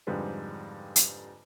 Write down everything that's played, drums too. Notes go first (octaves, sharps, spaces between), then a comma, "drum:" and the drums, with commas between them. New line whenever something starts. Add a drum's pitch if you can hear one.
F2 G#2 D3 G3 B4 C5
drum: hi-hat